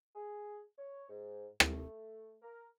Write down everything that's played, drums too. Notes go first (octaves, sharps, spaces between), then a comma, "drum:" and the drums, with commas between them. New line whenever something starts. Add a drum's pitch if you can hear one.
G#4
C#5
G#2
A3, drum: rim click
A#4